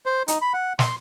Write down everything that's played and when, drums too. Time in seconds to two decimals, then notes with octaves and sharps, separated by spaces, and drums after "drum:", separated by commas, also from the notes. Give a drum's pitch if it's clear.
0.06 C5
0.28 D#4, drum: hi-hat
0.42 B5
0.54 F#5
0.79 C6, drum: snare